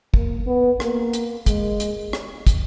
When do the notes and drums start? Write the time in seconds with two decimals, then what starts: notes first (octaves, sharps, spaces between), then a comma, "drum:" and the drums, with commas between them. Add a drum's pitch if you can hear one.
0.14 A#3, drum: kick
0.47 B3
0.80 A#3, drum: rim click
1.13 drum: hi-hat
1.46 G#3, drum: kick, hi-hat
1.80 drum: hi-hat
2.13 drum: rim click
2.47 drum: kick, hi-hat